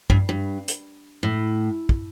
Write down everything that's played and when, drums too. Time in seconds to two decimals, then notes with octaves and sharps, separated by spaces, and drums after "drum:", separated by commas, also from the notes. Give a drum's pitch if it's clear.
0.10 G2, drum: kick
0.29 G2
0.68 drum: hi-hat
1.23 A2
1.89 drum: kick